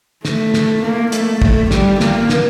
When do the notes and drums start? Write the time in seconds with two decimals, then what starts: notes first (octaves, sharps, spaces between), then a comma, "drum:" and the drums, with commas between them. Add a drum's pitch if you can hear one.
0.25 A3, drum: snare
0.54 drum: snare
0.83 A#3
1.12 A3, drum: hi-hat
1.42 A3, drum: kick
1.71 G3, drum: snare
2.00 A#3, drum: snare
2.29 drum: snare